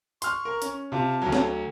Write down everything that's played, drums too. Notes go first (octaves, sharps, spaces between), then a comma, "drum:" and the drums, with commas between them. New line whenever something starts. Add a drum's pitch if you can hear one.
C6 C#6 F6, drum: hi-hat
A#4
C#4, drum: hi-hat
C3 F4 A5
D2 F#3
drum: snare